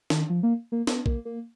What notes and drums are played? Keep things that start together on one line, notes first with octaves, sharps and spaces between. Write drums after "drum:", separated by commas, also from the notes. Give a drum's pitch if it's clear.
D#3, drum: snare
F3
A#3
A#3
B3, drum: snare
A#3, drum: kick A#1
A#3